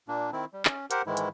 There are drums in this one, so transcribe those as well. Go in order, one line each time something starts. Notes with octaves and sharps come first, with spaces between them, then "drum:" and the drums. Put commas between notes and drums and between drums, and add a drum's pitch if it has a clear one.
A#2 A#3 D4
D#3 C4 E4
G3
C#4, drum: clap
G4 A#4 C5 F#5, drum: hi-hat
G#2 D#3 E3 G#3 E4
drum: hi-hat